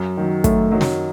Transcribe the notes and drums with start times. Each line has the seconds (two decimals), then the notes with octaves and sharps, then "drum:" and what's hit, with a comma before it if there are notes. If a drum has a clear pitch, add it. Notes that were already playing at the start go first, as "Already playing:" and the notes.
Already playing: F#2
0.17 D#3 F#3
0.44 F#2 A3, drum: kick, hi-hat
0.72 D#3 F#3
0.81 drum: snare